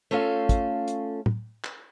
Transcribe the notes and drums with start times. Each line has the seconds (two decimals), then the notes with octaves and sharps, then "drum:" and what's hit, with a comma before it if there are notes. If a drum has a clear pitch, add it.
0.11 A3 C#4 F4 A4 F5
0.49 drum: kick, hi-hat
0.88 drum: hi-hat
1.26 drum: tom
1.64 drum: clap